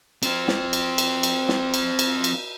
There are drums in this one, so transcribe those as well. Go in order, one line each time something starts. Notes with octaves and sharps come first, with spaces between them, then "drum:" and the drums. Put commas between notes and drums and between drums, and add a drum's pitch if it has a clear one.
C4 F4, drum: cymbal
drum: snare
drum: cymbal
drum: cymbal
drum: cymbal
drum: snare
drum: cymbal
drum: cymbal
drum: cymbal